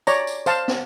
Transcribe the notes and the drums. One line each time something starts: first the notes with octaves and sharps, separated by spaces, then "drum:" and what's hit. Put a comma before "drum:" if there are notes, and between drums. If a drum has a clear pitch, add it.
C#5 D5 A#5, drum: tambourine
drum: tambourine
C5 F5 A5, drum: tambourine
drum: snare